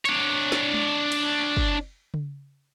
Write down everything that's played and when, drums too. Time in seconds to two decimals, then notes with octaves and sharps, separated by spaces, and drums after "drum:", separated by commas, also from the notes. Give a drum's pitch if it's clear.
0.05 D4 C#5, drum: hi-hat
0.52 drum: snare
0.74 drum: tom G#3
1.12 drum: cymbal
1.57 drum: kick
2.14 drum: tom C#3